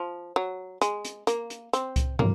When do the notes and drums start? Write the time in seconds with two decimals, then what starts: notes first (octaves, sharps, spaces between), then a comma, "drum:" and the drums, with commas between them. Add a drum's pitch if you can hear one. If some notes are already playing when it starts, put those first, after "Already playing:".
Already playing: F3
0.36 F#3
0.81 G#3, drum: hi-hat
1.05 drum: hi-hat
1.27 A#3, drum: hi-hat
1.50 drum: hi-hat
1.73 C4, drum: hi-hat
1.96 drum: kick C2, hi-hat
2.19 A#3, drum: tom